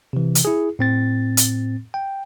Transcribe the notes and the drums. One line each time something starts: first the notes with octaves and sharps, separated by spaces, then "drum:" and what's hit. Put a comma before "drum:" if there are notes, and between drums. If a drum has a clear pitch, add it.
C3 E3
drum: hi-hat
E4 G#4
A2 C4 A6
drum: hi-hat
G5